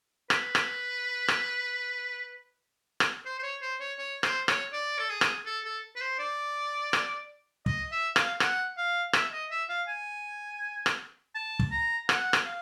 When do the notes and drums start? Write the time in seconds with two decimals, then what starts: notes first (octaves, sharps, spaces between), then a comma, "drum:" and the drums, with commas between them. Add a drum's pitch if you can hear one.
0.30 B4, drum: rim click
0.55 drum: rim click
1.28 drum: rim click
3.00 drum: rim click
3.25 C5
3.39 C5
3.43 C#5
3.62 C5
3.80 C#5
3.98 C#5
4.23 C5, drum: rim click
4.48 C#5, drum: rim click
4.72 D5
4.99 A4
5.09 G#4
5.21 drum: rim click
5.46 A4
5.65 A4
5.96 B4
6.01 C5
6.19 D5
6.93 drum: rim click
7.66 D#5, drum: kick
7.92 E5
8.16 F5, drum: rim click
8.40 F#5, drum: rim click
8.77 F5
9.13 E5, drum: rim click
9.32 D#5
9.51 E5
9.69 F5
9.88 G#5
10.86 drum: rim click
11.35 A5
11.59 drum: kick
11.71 A#5
12.09 F#5, drum: rim click
12.33 drum: rim click
12.45 F5